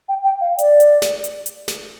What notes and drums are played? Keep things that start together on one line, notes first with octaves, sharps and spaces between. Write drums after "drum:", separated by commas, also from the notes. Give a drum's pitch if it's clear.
G5
G5
F5
D5, drum: hi-hat
drum: hi-hat
drum: snare
drum: hi-hat
drum: hi-hat
drum: snare